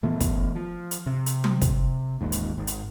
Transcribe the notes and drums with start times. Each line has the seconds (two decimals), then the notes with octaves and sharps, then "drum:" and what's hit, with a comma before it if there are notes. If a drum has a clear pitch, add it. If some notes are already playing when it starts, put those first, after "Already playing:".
0.03 A#2 E3 A3 B3
0.20 drum: kick, hi-hat
0.55 F3
0.91 drum: hi-hat
1.06 C3
1.26 drum: hi-hat
1.44 drum: tom F#3
1.62 drum: kick, hi-hat
2.21 D#1 A1 D#2 G#2
2.32 drum: hi-hat
2.58 G#1
2.67 drum: hi-hat